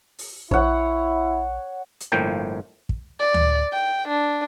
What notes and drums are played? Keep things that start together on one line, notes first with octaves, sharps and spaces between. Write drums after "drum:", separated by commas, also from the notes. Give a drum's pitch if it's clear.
drum: open hi-hat
A#1 E4 C#5 F#5, drum: kick
drum: hi-hat
G1 A2 F3 A#3 G5
drum: kick
D5
drum: tom D2
G5
D4